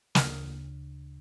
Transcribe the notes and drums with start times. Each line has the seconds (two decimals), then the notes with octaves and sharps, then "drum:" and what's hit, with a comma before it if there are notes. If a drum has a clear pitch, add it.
0.15 D2 C#3 F6, drum: snare